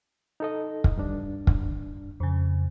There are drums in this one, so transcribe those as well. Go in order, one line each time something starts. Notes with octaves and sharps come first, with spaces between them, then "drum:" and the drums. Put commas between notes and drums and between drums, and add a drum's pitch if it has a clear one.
D#4 A4 D#5
drum: kick
G2 D4
drum: kick
F2 C#3